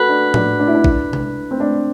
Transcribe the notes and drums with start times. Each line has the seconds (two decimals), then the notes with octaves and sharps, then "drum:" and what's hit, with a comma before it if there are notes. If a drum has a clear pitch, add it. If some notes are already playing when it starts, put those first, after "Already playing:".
Already playing: F#4 A4 B4
0.09 D4
0.34 D4, drum: tom A2
0.60 D4
0.67 E4
0.74 D4
0.84 drum: kick A1
1.13 drum: tom C3
1.51 C4
1.60 D4